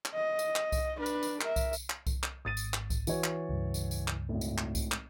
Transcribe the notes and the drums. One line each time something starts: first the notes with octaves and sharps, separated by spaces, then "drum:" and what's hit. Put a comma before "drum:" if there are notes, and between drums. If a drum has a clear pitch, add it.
drum: clap
D#5
drum: tambourine
drum: clap
drum: kick C2, tambourine
D4 B4
drum: tambourine
drum: tambourine
A#4 E5, drum: clap
drum: kick C2, tambourine
drum: tambourine
drum: clap
drum: kick C2, tambourine
drum: clap
G#1 D#6 A6 D#7
drum: tambourine
drum: clap
drum: kick C2, tambourine
E3 F#4 C#5, drum: tambourine
drum: clap
C#2 G2
drum: tambourine
drum: tambourine
drum: clap
G#1 A2
drum: tambourine
drum: clap
drum: kick C2, tambourine
drum: clap